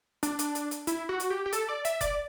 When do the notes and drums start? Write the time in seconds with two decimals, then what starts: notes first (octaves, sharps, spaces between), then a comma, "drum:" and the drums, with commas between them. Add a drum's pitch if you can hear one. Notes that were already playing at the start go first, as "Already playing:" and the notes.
0.23 D4, drum: hi-hat
0.39 drum: hi-hat
0.55 drum: hi-hat
0.71 drum: hi-hat
0.87 E4, drum: hi-hat
1.09 F#4
1.20 drum: hi-hat
1.30 G4
1.46 G4
1.53 A4, drum: hi-hat
1.69 D5
1.85 E5, drum: hi-hat
2.01 D5, drum: kick F1, hi-hat